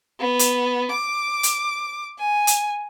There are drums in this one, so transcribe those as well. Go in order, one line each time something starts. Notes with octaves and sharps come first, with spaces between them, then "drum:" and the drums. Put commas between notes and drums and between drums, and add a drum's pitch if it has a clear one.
B3
drum: hi-hat
D6
drum: hi-hat
G#5
drum: hi-hat